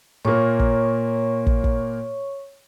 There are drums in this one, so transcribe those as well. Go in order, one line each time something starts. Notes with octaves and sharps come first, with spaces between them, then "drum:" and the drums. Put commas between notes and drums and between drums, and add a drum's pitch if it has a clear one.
A#2 A#3 C#5 C#6
drum: kick
drum: kick
drum: kick